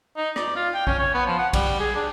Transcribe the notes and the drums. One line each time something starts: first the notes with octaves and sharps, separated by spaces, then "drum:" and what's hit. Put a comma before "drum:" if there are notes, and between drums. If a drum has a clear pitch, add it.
D#4
D5, drum: rim click
F4
G5
C#4, drum: kick A#1
C#5
B3
F3
F#5
G3, drum: kick A#1, cymbal
G#4
D4